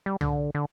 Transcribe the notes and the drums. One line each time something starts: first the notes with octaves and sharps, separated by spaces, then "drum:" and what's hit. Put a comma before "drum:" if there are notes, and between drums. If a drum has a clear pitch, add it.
G3
D3, drum: tom C2
D3